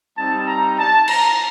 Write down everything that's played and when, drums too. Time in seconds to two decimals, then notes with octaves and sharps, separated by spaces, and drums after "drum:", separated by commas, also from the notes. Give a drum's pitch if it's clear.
0.17 G3 C4 D#4 A5
0.47 A#5
0.77 A5
1.08 A#5, drum: cymbal